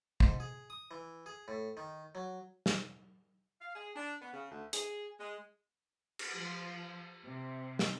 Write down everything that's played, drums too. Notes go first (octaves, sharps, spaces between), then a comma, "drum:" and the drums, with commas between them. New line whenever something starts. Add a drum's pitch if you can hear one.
G#2, drum: kick
G#4
D#6
E3
G#4
A2
D#3
F#3
drum: snare
F5
G#4
D4
B3
C#3
D2
G#4, drum: hi-hat
G#3
drum: cymbal
F3
C3
drum: snare